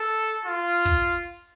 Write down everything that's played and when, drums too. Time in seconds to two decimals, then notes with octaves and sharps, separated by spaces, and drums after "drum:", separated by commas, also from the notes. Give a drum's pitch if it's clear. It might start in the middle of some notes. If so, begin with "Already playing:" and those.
Already playing: A4
0.46 F4
0.85 drum: kick